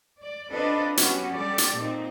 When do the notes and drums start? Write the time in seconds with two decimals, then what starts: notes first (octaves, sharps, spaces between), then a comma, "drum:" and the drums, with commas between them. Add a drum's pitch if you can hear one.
0.19 D5
0.52 C4 D4 F4 A4 B4 D#5
0.97 F#3 B3 C#4 F#4 G4, drum: hi-hat
1.33 G3 G4 A4 D5
1.58 drum: hi-hat
1.75 A#2 C4 D#4